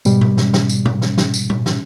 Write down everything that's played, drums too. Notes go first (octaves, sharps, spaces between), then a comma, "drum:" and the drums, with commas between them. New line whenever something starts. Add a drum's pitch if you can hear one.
G#2 B2 G3, drum: tambourine
drum: tom A#2
drum: snare
drum: snare
drum: tambourine
drum: tom A#2
drum: snare
drum: snare
drum: tambourine
drum: tom A#2
drum: snare